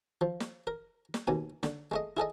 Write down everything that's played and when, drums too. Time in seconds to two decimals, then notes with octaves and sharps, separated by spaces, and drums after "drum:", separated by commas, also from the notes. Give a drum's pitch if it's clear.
0.21 F3
0.40 drum: snare
0.67 A#4
1.14 drum: snare
1.27 D#2 B2 G#5
1.63 D3, drum: snare
1.91 G#3 A3 D#5
2.17 E4 G#4 A4 D#5